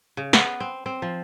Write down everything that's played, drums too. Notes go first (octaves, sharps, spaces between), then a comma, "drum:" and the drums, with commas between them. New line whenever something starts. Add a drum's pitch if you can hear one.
C#3
B3, drum: snare
C4
C4
F3